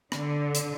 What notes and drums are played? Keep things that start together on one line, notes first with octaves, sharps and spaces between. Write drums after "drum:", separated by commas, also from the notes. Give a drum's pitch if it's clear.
D3, drum: rim click
drum: hi-hat